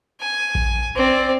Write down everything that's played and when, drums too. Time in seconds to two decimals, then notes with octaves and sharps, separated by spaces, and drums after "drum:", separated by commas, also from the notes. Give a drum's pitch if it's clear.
0.21 G#5
0.55 drum: kick A1
0.95 C4 D5